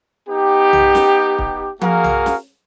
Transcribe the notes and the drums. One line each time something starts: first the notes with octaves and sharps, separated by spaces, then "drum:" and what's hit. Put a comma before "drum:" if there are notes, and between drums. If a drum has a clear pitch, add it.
B3 D#4 G4
drum: tom B1
drum: snare
drum: kick
A#3 F#4 G#4 A#4 F5, drum: tom
drum: tom B1
drum: snare